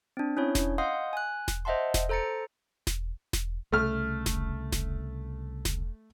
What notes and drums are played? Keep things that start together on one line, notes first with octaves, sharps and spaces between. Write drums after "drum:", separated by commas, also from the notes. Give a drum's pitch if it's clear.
C4 D4
C#4 D4 E4 C#5
drum: snare E1
D#5 F5 F#5 C6 D#6 G6
G#5 F#6
drum: snare E1
C5 D#5 E5 F#5 A5 C6
drum: snare E1
A4 C5 A#5 A6 C#7
drum: snare E1
drum: snare E1
C2 C#3 A3 F6
drum: snare E1
drum: snare E1
drum: snare E1